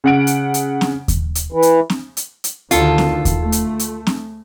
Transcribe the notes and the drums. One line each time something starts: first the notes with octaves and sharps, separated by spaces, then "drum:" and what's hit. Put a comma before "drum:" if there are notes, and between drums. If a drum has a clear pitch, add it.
C#3 F#5 D7
drum: hi-hat
drum: hi-hat
drum: snare C4
drum: kick D#2, hi-hat
drum: hi-hat
E3
drum: hi-hat
drum: snare C4
drum: hi-hat
drum: hi-hat
D2 D3 D#3 F4 A4, drum: hi-hat
drum: snare C4
drum: kick D#2, hi-hat
A3
drum: hi-hat
drum: hi-hat
drum: snare C4